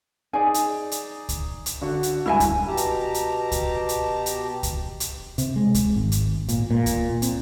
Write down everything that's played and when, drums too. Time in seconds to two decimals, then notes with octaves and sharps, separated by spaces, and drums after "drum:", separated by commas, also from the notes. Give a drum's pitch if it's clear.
0.33 D#4 G#4 D5 G#5
0.54 drum: hi-hat
0.91 drum: hi-hat
1.29 drum: kick C#2, hi-hat
1.66 drum: hi-hat
1.81 D3 F#4
2.03 drum: hi-hat
2.26 C#2 G2 E4 E5 G#5
2.40 drum: kick C#2, hi-hat
2.67 B2 G4 A5 A#5
2.77 drum: hi-hat
3.14 drum: hi-hat
3.52 drum: kick C#2, hi-hat
3.89 drum: hi-hat
4.26 drum: hi-hat
4.63 drum: kick C#2, hi-hat
5.00 drum: hi-hat
5.38 C3, drum: hi-hat
5.56 G#3
5.74 drum: kick C#2, hi-hat
5.96 G#1
6.12 drum: hi-hat
6.48 A#2, drum: hi-hat
6.71 A#2
6.86 drum: kick C#2, hi-hat
7.22 C4, drum: hi-hat